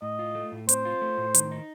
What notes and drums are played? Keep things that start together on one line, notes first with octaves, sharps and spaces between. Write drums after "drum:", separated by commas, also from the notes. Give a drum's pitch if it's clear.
A2 D#5
F4
A3
A2
C4 C5, drum: hi-hat
F4
A3
A2
D#3, drum: hi-hat
D#4